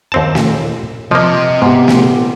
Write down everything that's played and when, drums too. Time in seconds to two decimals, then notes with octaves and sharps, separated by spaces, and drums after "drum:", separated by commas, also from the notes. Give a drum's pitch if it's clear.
0.12 D#2 C4 A5
0.35 drum: snare
1.11 C3 F3 A#3 D#5
1.62 G#2 B3 G4
1.88 drum: snare